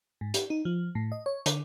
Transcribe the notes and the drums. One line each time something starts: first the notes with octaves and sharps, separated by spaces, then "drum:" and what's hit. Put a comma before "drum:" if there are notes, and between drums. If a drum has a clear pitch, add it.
G#2
G4, drum: hi-hat
D#4
F3
A2
D#5
C#5
D3, drum: hi-hat